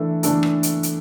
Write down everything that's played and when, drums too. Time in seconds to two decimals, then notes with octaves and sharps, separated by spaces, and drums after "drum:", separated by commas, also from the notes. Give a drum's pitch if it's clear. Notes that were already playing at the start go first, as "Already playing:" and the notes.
Already playing: E3 A3 D4 A4
0.23 E3 A3 D4 A4, drum: hi-hat
0.43 drum: rim click
0.63 drum: hi-hat
0.83 drum: hi-hat